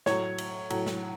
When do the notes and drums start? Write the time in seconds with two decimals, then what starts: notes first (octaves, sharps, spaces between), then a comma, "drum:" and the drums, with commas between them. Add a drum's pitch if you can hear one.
0.06 A2 F#3 C#5, drum: snare
0.38 drum: cymbal
0.70 A2 F#3, drum: cymbal
0.86 drum: snare